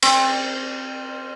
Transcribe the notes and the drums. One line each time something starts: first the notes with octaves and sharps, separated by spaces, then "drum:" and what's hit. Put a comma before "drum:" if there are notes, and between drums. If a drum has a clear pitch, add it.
C4, drum: cymbal